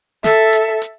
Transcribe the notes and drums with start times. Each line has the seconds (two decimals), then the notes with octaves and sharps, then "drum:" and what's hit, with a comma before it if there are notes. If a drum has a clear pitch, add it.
0.24 A4 E5, drum: snare
0.53 drum: hi-hat
0.82 drum: hi-hat